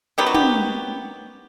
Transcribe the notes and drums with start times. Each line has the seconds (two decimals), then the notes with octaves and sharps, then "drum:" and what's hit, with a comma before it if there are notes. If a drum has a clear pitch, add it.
0.18 D#3 F#3 B3 G4
0.27 F#4
0.34 G4, drum: tom